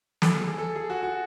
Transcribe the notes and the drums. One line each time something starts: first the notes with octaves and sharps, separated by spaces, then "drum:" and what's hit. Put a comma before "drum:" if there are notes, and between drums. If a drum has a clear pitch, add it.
A4, drum: snare
G#4
A4
G#4
F#4
F#4